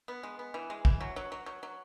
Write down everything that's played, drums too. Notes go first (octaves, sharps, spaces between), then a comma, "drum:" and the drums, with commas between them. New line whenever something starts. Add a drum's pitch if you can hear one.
B3
G#3
B3
E3
G#3
E3, drum: kick
F#3
F#3
F#3
F#3
F#3